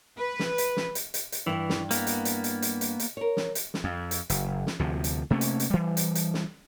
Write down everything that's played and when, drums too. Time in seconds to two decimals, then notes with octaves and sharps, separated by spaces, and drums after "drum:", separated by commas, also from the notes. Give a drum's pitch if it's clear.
0.16 B4
0.39 drum: snare
0.58 drum: hi-hat
0.77 drum: snare
0.95 drum: hi-hat
1.14 drum: hi-hat
1.32 drum: hi-hat
1.46 G2 E3 E4
1.70 drum: snare
1.91 A#3 B3, drum: hi-hat
2.07 drum: hi-hat
2.25 drum: hi-hat
2.44 drum: hi-hat
2.62 drum: hi-hat
2.81 drum: hi-hat
3.00 drum: hi-hat
3.17 A#4 C#5
3.37 drum: snare
3.55 drum: hi-hat
3.74 drum: snare
3.84 F2
4.11 drum: hi-hat
4.30 F#1, drum: hi-hat
4.67 drum: snare
4.79 D2 C3 F3
5.04 drum: hi-hat
5.30 C3 A3 A#3 C#4
5.41 drum: hi-hat
5.60 drum: hi-hat
5.70 E3 G3
5.97 drum: hi-hat
6.15 drum: hi-hat
6.34 drum: snare